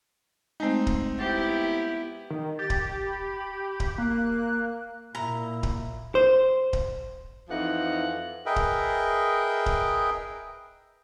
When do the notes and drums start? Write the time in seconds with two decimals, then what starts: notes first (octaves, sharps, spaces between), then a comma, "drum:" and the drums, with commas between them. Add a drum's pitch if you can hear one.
0.60 G#3 A3 C4 D#4
0.87 drum: kick D1
1.19 B3 E4 G4 C5 A6
2.30 D#3
2.59 G4 A6
2.70 drum: kick D1
3.06 B5
3.80 drum: kick D1
3.98 A#3 F#6
5.15 A#2 E4 A#5
5.63 drum: kick D1
6.15 C5
6.73 drum: kick D1
7.49 F2 E3 F3 D#4 F#5
8.46 G#4 A#4 B4 D#5 E5 G5
8.56 drum: kick D1
9.66 drum: kick D1